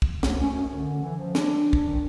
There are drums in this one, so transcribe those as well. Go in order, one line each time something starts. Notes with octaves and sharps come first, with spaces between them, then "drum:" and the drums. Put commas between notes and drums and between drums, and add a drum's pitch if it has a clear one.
drum: kick
D2, drum: snare
C#4
F#2
D3
E3
F3
D4, drum: snare
drum: kick
D#3